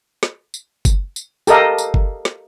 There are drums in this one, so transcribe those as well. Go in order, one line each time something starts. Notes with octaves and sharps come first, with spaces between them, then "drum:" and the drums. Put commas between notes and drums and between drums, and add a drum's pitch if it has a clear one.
drum: snare
drum: tambourine
drum: kick F#1, tambourine
drum: tambourine
G4 A4 A#4 D#5 F5, drum: tambourine
drum: tambourine
drum: kick F#1
drum: snare